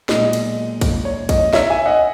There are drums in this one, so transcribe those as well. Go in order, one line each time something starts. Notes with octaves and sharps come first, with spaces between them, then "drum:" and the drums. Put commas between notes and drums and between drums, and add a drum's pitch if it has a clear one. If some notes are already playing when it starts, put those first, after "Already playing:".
B1 A#2 G#3 D#5, drum: snare
drum: cymbal
drum: kick, cymbal
C#5
D#5, drum: kick, cymbal
C#5 E5, drum: snare
E5 G#5
D#5 F#5